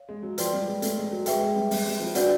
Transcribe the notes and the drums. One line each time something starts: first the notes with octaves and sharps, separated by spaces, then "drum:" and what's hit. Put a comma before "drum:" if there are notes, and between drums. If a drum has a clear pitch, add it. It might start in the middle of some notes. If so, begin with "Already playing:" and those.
Already playing: C#5 F5
G#3
F#3
F3 B4 D5 G5 C6, drum: hi-hat
G3
G#3
A3, drum: hi-hat
G#3
F#3
G#3 G#4 B4 E5 G5, drum: hi-hat
G#3
G3
G3, drum: open hi-hat
G3
F3
F#3 D4 F#4 B4 D5 F#5, drum: hi-hat